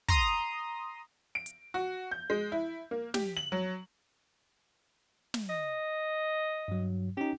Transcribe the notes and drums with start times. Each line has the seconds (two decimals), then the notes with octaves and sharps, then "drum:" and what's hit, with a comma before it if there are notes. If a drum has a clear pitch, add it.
0.08 A#5 C6 D#6, drum: kick
1.35 D7
1.46 drum: hi-hat
1.74 F#4
2.11 G6
2.30 G#3
2.52 E4
2.91 A#3
3.14 G4, drum: snare
3.37 F#7
3.52 F#3
5.34 drum: snare
5.49 D#5
6.68 G2 F#3
7.17 C#4 D#4 G4